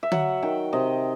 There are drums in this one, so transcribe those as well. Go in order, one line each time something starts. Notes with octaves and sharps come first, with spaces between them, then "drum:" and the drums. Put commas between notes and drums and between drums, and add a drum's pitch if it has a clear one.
E5
F#3 F#5, drum: tom D3
D#3 G5
C3 D#5